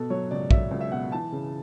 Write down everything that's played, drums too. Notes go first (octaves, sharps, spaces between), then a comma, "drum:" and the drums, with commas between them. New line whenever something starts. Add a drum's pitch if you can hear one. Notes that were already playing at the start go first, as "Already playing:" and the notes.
Already playing: B2 A4
F#3 C#5
C#2 D5
F#3 E5, drum: kick
C#2
E5
B2 F#5
E3 A5
C#3